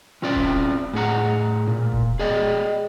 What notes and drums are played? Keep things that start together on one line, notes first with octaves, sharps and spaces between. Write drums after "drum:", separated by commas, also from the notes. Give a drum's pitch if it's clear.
C4 C#4 F4 D5 G5
drum: kick D#1
A2 G#4 F#5 A#5
A#2
drum: kick D#1
G#4 D5 D#5 G5